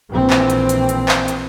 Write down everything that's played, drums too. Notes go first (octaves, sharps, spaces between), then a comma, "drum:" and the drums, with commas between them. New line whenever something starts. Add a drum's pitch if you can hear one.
A#1 E3 C4
drum: clap
drum: hi-hat
drum: hi-hat
drum: hi-hat
drum: clap
drum: hi-hat